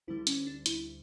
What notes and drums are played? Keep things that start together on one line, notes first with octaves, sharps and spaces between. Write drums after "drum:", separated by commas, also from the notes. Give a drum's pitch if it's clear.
D2 D3 G3 E4
C#4, drum: hi-hat
D4
E4, drum: hi-hat